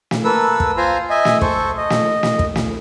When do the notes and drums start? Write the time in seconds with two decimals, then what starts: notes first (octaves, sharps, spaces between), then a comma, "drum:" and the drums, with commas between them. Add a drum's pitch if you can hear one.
0.11 drum: snare
0.24 A#3 A4 B4 E6
0.60 drum: kick
0.77 F4 C5 G#5 A#5 C6
1.10 D#5 E5 G#5
1.25 drum: snare
1.41 A4 C5 C#6, drum: kick
1.77 D#5
1.90 drum: snare
2.23 drum: snare
2.39 drum: kick
2.56 drum: snare